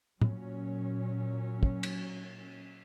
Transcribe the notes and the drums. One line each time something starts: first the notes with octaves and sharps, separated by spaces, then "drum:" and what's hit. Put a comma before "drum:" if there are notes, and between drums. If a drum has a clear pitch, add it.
A#2 F#3 C#4, drum: tom
drum: kick
drum: cymbal